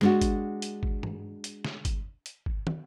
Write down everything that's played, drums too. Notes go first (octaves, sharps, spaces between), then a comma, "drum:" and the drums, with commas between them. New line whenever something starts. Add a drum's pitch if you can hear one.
G#3 D4 F#4, drum: snare
drum: kick, hi-hat
drum: hi-hat
drum: kick
drum: tom
drum: hi-hat
drum: snare
drum: kick, hi-hat
drum: hi-hat
drum: kick
drum: tom